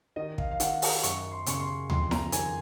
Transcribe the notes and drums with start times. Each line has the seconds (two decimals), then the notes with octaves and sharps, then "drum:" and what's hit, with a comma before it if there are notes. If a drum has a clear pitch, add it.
0.16 D#3 D#5
0.38 F5, drum: kick
0.51 F5
0.60 D#3 F#5, drum: hi-hat
0.82 A#5, drum: open hi-hat
1.03 F#2 C#6, drum: hi-hat
1.32 C6
1.46 C#3 C#6, drum: hi-hat
1.60 C6
1.90 F2 C6, drum: tom D2
2.11 A#5, drum: snare E4
2.32 D#3 G#5, drum: hi-hat